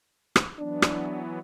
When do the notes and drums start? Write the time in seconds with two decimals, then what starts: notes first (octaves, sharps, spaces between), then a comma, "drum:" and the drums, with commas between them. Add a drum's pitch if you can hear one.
0.36 drum: rim click
0.59 E3 F#3 B3 D4
0.82 drum: rim click